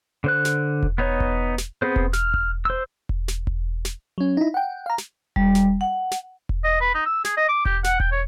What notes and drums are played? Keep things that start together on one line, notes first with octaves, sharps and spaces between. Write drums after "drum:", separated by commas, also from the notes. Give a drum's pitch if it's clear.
D3 C5 F#6
drum: snare
drum: kick E1
B3 D#4 C#5
drum: kick E1
drum: snare
B3 C4 G#4 C5
drum: kick E1
F6, drum: snare
drum: kick E1
C5 E6
drum: kick E1
drum: snare
drum: kick E1
drum: snare
F#3 C#4
D#4 E4
F#5 G5
F5 A#5
drum: snare
G3, drum: kick E1
drum: snare
F#5
drum: snare
drum: kick E1
D#5
B4
D#4
E6
G#4, drum: snare
D#5
D6
G4, drum: kick E1
F#5, drum: snare
G5, drum: kick E1
C#5